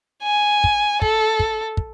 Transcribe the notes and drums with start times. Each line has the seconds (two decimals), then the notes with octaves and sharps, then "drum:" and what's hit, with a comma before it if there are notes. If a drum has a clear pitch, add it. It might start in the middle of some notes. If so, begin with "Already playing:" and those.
0.23 G#5
0.64 drum: kick
1.02 A4, drum: kick
1.40 drum: kick
1.77 drum: kick